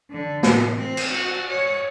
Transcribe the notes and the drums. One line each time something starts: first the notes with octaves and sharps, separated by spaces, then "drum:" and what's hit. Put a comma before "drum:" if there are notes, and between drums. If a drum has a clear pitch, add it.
D3
A2, drum: snare
C4
drum: cymbal
F#4
C#5